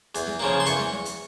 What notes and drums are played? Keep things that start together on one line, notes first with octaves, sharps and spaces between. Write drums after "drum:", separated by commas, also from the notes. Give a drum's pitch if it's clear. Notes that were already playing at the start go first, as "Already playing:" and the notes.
E2, drum: hi-hat
drum: snare
C#3 F3 A#3
C6
E2 C#6, drum: hi-hat
drum: snare
drum: snare
drum: hi-hat